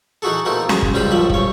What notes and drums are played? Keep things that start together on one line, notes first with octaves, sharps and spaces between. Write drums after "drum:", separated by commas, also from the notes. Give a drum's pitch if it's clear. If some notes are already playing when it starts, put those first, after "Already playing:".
E3 D#4 E4 F#4 G#4 A4
B2 A3 A#3 C4 D#4 E4
G#4, drum: snare C#4
drum: kick
C#2 G3 C4 F5 G5 B5
C#2 F#2 B2 F3 E5 B5
G2 C#5, drum: kick